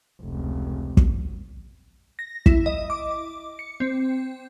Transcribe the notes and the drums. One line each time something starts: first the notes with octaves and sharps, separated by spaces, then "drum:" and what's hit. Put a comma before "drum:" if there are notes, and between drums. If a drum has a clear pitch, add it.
F1 C#2
drum: kick
A#6
E4, drum: kick
D#5
D6
C#7
C4